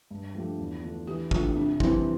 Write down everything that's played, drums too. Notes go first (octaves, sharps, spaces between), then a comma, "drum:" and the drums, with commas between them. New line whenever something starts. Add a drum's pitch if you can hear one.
G2
F3 A3 D4 G4
E2
D3 A3 D4 F4
E3 G4
A3 D4 F4 G4, drum: kick
C3 D4
E3 G3 C4 E4 G4, drum: kick